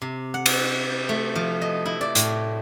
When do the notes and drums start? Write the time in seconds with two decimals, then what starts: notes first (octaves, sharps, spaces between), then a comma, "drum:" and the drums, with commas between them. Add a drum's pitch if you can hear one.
0.02 C3
0.34 F#5
0.46 drum: cymbal
1.09 A3
1.36 F3
1.62 D#5
1.86 E4
2.01 D5
2.15 A2, drum: hi-hat